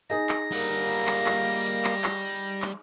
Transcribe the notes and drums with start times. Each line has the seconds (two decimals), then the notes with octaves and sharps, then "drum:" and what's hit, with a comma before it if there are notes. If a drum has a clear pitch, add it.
0.10 D#4 G#4 A#6, drum: tambourine
0.29 drum: clap
0.52 G3 A#3 F#5
0.87 drum: tambourine
1.07 drum: clap
1.26 drum: clap
1.65 drum: tambourine
1.85 drum: clap
2.04 drum: clap
2.43 drum: tambourine
2.62 drum: clap